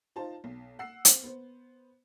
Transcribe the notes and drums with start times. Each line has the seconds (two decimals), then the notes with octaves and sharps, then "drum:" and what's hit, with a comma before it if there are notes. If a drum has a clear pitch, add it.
0.16 D#4 F4 C5 A5
0.44 B1
0.79 F#5 E6 C7
1.05 C4, drum: hi-hat
1.23 B3 C5